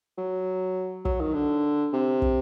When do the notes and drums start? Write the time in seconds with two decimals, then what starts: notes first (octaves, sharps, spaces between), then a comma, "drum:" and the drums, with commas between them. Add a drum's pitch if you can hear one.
0.18 F#3
1.05 F#3, drum: kick
1.21 D#3
1.34 D3
1.93 C3
2.22 drum: kick